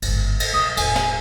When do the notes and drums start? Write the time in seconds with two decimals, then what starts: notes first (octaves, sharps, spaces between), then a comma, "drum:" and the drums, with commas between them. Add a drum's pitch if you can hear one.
0.02 G1 G#2, drum: cymbal
0.40 drum: cymbal
0.53 B2 F#3 D#6
0.77 E1 A2 G#5, drum: cymbal
0.96 drum: snare